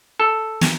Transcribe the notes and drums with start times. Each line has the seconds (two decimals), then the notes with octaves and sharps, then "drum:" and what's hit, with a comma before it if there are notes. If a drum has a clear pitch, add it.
0.20 A4
0.61 drum: snare